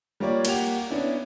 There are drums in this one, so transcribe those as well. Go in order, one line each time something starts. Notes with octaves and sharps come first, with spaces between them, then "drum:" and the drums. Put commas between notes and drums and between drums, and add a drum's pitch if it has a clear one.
G3 A#3 F4 C#5 D5
A#3 G4 F#5 F7, drum: cymbal
B3 C#4 D4 E4